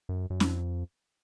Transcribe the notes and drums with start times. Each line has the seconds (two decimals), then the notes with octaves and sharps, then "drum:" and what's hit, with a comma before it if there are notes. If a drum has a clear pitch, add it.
0.09 F#2
0.30 F#2
0.40 F2, drum: snare